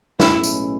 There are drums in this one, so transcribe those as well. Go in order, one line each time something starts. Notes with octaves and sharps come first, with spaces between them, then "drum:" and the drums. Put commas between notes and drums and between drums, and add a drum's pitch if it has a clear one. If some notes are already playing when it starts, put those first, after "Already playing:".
B1 A2 G#3 C#4 E4, drum: snare
drum: tambourine